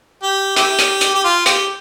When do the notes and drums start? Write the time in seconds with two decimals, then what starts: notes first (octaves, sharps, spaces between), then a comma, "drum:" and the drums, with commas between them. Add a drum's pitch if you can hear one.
0.23 G4
0.56 E4 G4, drum: hi-hat
0.79 drum: hi-hat
1.01 drum: hi-hat
1.14 G4
1.24 F4
1.46 G4, drum: hi-hat